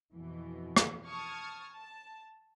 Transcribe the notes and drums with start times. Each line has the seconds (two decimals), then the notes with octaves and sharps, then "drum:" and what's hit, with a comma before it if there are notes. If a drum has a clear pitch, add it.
0.14 F2 B2 E3
0.77 drum: rim click
1.06 A5 C#6 D#6 F6 G#6
1.71 A5